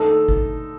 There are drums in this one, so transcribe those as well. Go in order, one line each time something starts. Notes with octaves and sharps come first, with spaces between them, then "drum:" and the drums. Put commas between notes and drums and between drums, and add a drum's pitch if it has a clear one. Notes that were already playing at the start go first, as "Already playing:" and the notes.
Already playing: D3 A3 D#4 A4
drum: kick G#1